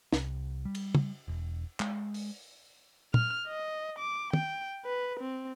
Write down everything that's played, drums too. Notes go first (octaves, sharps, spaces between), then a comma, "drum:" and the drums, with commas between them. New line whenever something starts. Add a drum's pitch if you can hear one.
C2, drum: snare
G3
drum: cymbal
drum: tom
E1
G#3, drum: clap
drum: open hi-hat
F6, drum: tom
D#5
D6
G5, drum: tom
B4
C4